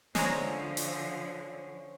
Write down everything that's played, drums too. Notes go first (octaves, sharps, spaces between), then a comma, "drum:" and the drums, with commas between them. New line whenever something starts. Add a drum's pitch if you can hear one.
D3 F3 G#3 C#4 C5 A#5, drum: snare
drum: hi-hat